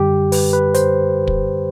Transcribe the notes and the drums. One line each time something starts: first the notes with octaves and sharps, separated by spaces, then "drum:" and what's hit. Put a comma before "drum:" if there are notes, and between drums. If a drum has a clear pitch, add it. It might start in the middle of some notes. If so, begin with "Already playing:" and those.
Already playing: F#2 D3 G3 G4
B4, drum: open hi-hat
B4
C5, drum: hi-hat
drum: kick